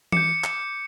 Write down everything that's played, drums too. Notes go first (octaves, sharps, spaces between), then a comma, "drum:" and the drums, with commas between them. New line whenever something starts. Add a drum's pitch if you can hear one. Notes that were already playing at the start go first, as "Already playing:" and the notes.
D6 G6 C#7, drum: tom E3
drum: clap